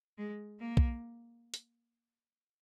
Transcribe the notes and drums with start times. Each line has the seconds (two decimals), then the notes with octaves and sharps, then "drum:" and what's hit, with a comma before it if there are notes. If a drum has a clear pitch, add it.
0.18 G#3
0.60 A#3
0.77 drum: kick B1
1.54 drum: hi-hat